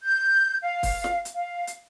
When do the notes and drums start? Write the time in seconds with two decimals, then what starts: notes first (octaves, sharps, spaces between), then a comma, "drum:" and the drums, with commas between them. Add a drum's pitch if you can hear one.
0.03 G6
0.62 F5
0.83 drum: kick, open hi-hat
1.04 drum: snare
1.25 drum: hi-hat
1.34 F5
1.67 drum: hi-hat